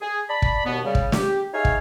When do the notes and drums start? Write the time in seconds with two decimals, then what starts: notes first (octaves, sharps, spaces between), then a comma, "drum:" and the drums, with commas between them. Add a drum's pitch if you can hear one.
0.01 G#4
0.29 D5 A5 B5
0.42 drum: kick
0.65 D#2 B2 B3
0.84 C#3 G3
0.95 drum: kick
1.12 G4, drum: snare
1.53 D#4 G#4 C#5 E5 F5
1.65 drum: kick